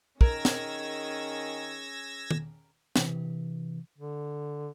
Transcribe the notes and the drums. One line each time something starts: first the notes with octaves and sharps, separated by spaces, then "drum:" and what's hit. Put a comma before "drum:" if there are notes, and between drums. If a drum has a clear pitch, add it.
D#3 C#4 G#4 A#4 E6 G#6 A#6, drum: kick
drum: snare
drum: tom
C3 E3, drum: snare
D3